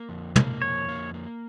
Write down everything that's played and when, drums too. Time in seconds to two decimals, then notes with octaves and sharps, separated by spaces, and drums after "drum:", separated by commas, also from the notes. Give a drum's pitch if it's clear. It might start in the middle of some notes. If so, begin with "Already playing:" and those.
Already playing: A#3
0.09 F2
0.36 A#3, drum: tom
0.62 F2 C#5
0.89 A#3
1.14 A#3